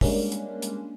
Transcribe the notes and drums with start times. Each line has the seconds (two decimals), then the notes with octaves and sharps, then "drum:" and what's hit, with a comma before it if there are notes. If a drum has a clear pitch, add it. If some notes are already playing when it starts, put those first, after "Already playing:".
0.01 G3 G#3 A#3 C#4 D4, drum: kick, open hi-hat
0.32 drum: hi-hat
0.62 drum: hi-hat